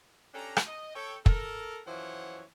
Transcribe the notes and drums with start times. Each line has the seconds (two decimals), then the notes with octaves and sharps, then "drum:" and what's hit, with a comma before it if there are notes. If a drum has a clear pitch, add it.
0.34 C#4 D4 G4 A4 A#5
0.57 drum: rim click
0.67 D#5
0.95 A4 C#5 G5
1.26 A4 A#4, drum: kick
1.87 F#2 E3 F3 C5 C#5 F#5